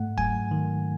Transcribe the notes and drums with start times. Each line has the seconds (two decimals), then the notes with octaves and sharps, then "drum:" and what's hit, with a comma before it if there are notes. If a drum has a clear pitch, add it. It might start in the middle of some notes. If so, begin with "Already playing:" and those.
Already playing: G#2 A3 F#5
0.18 F#3 G#5, drum: kick
0.51 D#3